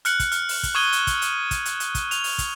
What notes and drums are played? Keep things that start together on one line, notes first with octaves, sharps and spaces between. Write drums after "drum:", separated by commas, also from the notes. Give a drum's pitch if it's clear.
F6 F#6 C#7 F#7, drum: hi-hat
drum: kick, hi-hat
F6, drum: hi-hat
drum: open hi-hat
drum: kick, hi-hat
C#6 D#6 G#6 D#7 G7
drum: hi-hat
drum: kick, hi-hat
drum: hi-hat
drum: kick, hi-hat
drum: hi-hat
drum: hi-hat
drum: kick, hi-hat
F7, drum: hi-hat
drum: open hi-hat
drum: kick, hi-hat